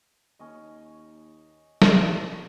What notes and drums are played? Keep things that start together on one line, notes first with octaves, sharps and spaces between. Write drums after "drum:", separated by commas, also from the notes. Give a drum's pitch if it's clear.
D#2 C#4 D#5
B2 F4, drum: snare